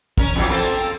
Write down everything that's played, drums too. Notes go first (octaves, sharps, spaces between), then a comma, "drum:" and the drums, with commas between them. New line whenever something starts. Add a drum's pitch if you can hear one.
C#4 A#4, drum: kick
E2 E3 F#3
A#3 C4 A4